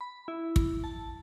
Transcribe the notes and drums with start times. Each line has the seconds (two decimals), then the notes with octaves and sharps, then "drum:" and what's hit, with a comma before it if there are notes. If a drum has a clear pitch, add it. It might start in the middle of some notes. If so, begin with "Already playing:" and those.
0.01 B5
0.28 E4
0.56 drum: kick
0.84 A5